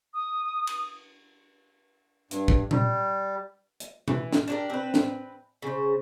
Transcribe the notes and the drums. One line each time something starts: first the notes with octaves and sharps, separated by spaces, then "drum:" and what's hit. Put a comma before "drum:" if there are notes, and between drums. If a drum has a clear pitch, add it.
D#6
drum: cymbal
G2, drum: hi-hat
drum: kick
G3, drum: tom A#2
drum: hi-hat
E3, drum: tom B2
drum: snare
D4 G4 A#4
C4 B4
drum: snare
C#3 C5